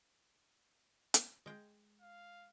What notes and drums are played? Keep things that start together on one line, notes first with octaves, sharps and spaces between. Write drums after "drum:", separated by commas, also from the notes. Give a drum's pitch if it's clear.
drum: hi-hat
G#3 G5
F5